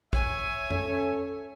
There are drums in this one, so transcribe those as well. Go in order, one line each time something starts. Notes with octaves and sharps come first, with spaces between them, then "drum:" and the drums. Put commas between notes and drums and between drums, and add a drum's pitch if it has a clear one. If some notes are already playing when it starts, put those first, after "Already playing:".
C#5 E5 G#5, drum: kick
C#4 A4, drum: tom F2